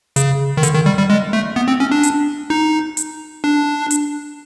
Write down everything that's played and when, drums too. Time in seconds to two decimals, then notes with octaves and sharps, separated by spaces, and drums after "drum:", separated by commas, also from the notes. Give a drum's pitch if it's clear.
0.16 C#3, drum: hi-hat
0.57 D#3
0.63 D3, drum: hi-hat
0.75 D#3
0.86 G3
0.98 G3
1.10 G#3
1.33 A3
1.56 B3
1.68 C4
1.80 C#4
1.91 D4
2.03 drum: hi-hat
2.50 D#4
2.97 drum: hi-hat
3.44 D4
3.91 drum: hi-hat